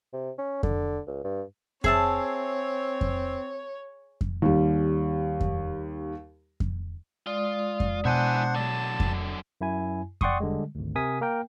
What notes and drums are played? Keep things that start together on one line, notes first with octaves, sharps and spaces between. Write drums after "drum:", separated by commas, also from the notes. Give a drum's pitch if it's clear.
C3
C#4
D3, drum: kick F2
C#2
G2
C4 G#4 C#5 E5 A5, drum: kick F2
drum: kick F2
drum: kick F2
D#2 G3
drum: kick F2
drum: kick F2
G#3 F4 D5 D#6
drum: kick F2
B2 D4 E4 C5 F#5 G#5
D3 F#3 A5
drum: kick F2
F#2 E4 G#5
D5 F#5 G5 C6 C#6 D#6, drum: kick F2
D3 G3 G#3
G#1 D2
C3 A#4 G#5 D#6 B6
A#3 A#4 G5